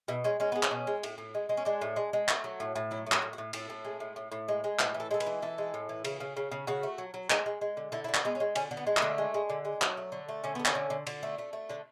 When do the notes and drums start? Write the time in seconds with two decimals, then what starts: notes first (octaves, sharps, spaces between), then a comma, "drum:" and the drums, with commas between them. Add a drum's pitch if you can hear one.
0.08 B2 E4
0.24 G#3 C#4
0.40 G#3 C#4
0.52 G#3 B3
0.63 C#4, drum: clap
0.71 B2
0.87 G#3
1.03 A2, drum: cymbal
1.18 A2
1.35 G#3
1.49 G#3
1.57 C#4
1.65 G#3 D4
1.82 A2
1.96 G#3
2.13 G#3
2.28 A3, drum: clap
2.44 F#3
2.60 A2
2.76 A2
2.91 F#3 E4
3.06 A2
3.12 F#4, drum: clap
3.22 A2
3.33 F#4
3.38 A2
3.53 A2 A4, drum: cymbal
3.70 A2
3.85 G#3
4.00 A2
4.16 A2
4.32 A2
4.48 G#3
4.64 G#3
4.79 A2 B4, drum: clap
4.94 E3
5.00 A4
5.11 G#3 A4
5.20 B4, drum: cymbal
5.26 E3
5.42 E3 A4
5.58 G#3
5.74 A2
5.89 E3
6.05 C#3, drum: cymbal
6.20 C#3
6.37 C#3
6.52 C#3
6.67 C#3 F#4
6.83 A3
6.98 F#3
7.14 F#3
7.30 G#3, drum: clap
7.46 G#3
7.61 G#3
7.77 D3
7.92 D3 E4
8.04 E4
8.08 D3
8.14 D4, drum: clap
8.25 G#3 B3
8.35 C#4
8.40 G#3
8.56 D3 C#4, drum: cymbal
8.71 D3
8.77 B3
8.87 G#3
8.97 A3, drum: clap
9.02 D3
9.18 G#3
9.34 G#3
9.50 D3
9.65 G#3
9.82 F#3, drum: clap
9.97 A3
10.12 D3
10.29 A3
10.44 D3 C#4
10.55 A3 B3
10.65 C#4, drum: clap
10.75 D3
10.90 D3
11.07 D3, drum: cymbal
11.23 A3
11.38 A3
11.53 A3
11.69 D3 D4